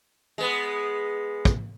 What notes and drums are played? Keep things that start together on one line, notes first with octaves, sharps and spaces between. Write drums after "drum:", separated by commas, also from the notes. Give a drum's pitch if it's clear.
G#3 B3
drum: kick